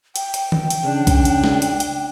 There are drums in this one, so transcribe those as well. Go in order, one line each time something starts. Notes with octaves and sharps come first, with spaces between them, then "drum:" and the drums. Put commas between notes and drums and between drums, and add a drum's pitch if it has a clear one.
G5, drum: hi-hat
drum: hi-hat
drum: tom D#3
drum: hi-hat
C#3 D4
drum: kick B1, hi-hat
drum: hi-hat
drum: snare
drum: hi-hat
drum: hi-hat